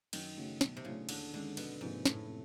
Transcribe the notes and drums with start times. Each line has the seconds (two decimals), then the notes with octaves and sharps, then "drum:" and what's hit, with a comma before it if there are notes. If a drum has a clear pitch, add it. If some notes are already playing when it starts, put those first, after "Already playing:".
0.13 F#2 D#3, drum: cymbal
0.37 C#3 F#3 A3
0.61 B1, drum: snare
0.77 C3
0.85 A2 C#3 F#3 A3 D4
1.09 D#2 D3, drum: cymbal
1.33 D3 D#3 G#3 C#4
1.57 F2 B2, drum: cymbal
1.81 G#2 C3 F3 A#3
2.05 F#1 A2, drum: snare
2.29 C3